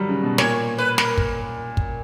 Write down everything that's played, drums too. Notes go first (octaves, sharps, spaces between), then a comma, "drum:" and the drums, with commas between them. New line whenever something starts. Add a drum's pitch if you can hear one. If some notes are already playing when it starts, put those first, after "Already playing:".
Already playing: D#3 F#3 G3
C#3
B2
A#2 C#5, drum: snare
B4
A#4, drum: snare
drum: kick
drum: kick